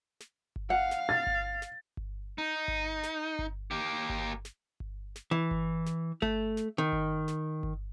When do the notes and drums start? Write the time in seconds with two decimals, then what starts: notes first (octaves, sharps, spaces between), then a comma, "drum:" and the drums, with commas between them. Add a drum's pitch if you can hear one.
0.20 drum: snare
0.56 drum: kick G1
0.70 F5 F#5
0.91 drum: snare
1.09 A6
1.27 drum: kick G1
1.62 drum: snare
1.97 drum: kick G1
2.38 D#4
2.68 drum: kick G1
3.03 drum: snare
3.39 drum: kick G1
3.71 A#3 G4
4.09 drum: kick G1
4.45 drum: snare
4.80 drum: kick G1
5.16 drum: snare
5.31 E3
5.51 drum: kick G1
5.86 drum: snare
6.22 A3, drum: kick G1
6.57 drum: snare
6.78 D#3
6.92 drum: kick G1
7.28 drum: snare
7.63 drum: kick G1